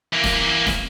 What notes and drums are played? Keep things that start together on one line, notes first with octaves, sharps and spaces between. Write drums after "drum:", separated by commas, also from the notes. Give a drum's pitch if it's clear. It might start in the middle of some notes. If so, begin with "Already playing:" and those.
E2 A#3
drum: snare
drum: snare